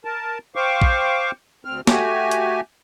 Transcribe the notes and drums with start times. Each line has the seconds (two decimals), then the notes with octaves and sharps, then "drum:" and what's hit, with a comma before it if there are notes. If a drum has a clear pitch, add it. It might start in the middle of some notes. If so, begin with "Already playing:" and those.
0.05 A#4 A5
0.56 C5 F5 G5 C#6 D6
0.82 drum: kick A#1
1.65 D2 C4 F6
1.87 A3 F#4 G4 G#5, drum: snare
2.31 drum: hi-hat